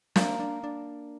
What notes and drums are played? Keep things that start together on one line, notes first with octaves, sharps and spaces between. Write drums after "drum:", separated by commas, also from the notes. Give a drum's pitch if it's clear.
A#3 D4, drum: snare
D4
D4